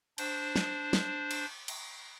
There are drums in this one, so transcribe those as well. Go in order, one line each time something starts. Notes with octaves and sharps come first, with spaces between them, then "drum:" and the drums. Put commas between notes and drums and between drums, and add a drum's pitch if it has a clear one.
D4 C5, drum: cymbal
drum: snare
drum: snare
drum: cymbal
drum: cymbal